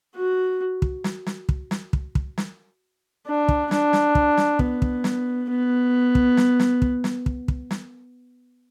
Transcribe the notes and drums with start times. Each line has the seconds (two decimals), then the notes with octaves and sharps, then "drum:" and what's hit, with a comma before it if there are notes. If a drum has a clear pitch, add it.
0.15 F#4
0.82 drum: kick
1.04 drum: snare
1.26 drum: snare
1.49 drum: kick
1.71 drum: snare
1.93 drum: kick
2.15 drum: kick
2.38 drum: snare
3.27 D4
3.49 drum: kick
3.71 D4, drum: snare
3.93 drum: snare
4.15 drum: kick
4.37 drum: snare
4.59 B3, drum: kick
4.82 drum: kick
5.04 drum: snare
5.49 B3
6.15 drum: kick
6.37 drum: snare
6.59 drum: snare
6.82 drum: kick
7.04 drum: snare
7.26 drum: kick
7.48 drum: kick
7.71 drum: snare